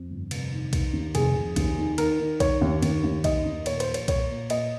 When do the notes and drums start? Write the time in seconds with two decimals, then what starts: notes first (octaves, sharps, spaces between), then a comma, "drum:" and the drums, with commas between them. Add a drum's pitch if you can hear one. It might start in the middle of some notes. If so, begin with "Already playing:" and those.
Already playing: F2
0.10 G1
0.31 F1, drum: cymbal
0.52 D#3
0.73 D#3, drum: kick B1, cymbal
0.93 D#2
1.15 F1 G#4, drum: cymbal
1.36 F1
1.56 D#2, drum: kick B1, cymbal
1.77 D#3
1.98 D#3 A#4, drum: cymbal
2.20 D#3
2.40 D#3 C#5, drum: kick B1, cymbal
2.61 D#2
2.83 D#2, drum: cymbal
3.04 D#2
3.24 D#3 D#5, drum: kick B1, cymbal
3.45 D#2
3.66 A#2 C#5, drum: cymbal
3.80 C5, drum: cymbal
3.87 A#1
3.94 C#5, drum: cymbal
4.08 A#2 C#5, drum: kick B1, cymbal
4.29 A#2
4.50 A#2 D#5, drum: cymbal